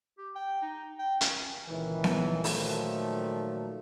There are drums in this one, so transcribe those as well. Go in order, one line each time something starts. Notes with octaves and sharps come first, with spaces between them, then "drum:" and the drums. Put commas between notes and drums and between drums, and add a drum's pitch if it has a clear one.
G4
G5
D#4
G5
C#4, drum: hi-hat
C#2 A#2 D#3 E3
drum: snare B3
A#2 D#3 F3 F#3 A3, drum: open hi-hat